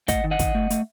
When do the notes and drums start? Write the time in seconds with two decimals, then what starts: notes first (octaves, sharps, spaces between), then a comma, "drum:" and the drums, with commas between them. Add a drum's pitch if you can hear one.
0.08 A3 D#5 F#5, drum: kick, hi-hat
0.24 D#3
0.31 D#5 F#5
0.39 D#3, drum: kick, hi-hat
0.55 A3
0.70 A3, drum: hi-hat